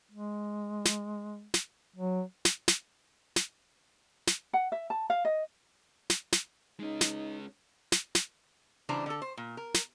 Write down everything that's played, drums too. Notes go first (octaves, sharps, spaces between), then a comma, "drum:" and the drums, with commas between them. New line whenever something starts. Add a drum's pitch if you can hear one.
G#3
drum: snare
drum: snare
F#3
drum: snare
drum: snare
drum: snare
drum: snare
F#5
E5
A5
F5
D#5
drum: snare
drum: snare
G#3 C#4 D#4
drum: snare
drum: snare
drum: snare
C#3 E3 G3 D4 C5 A#5
D3 A4
C5
A#2
A#4
drum: snare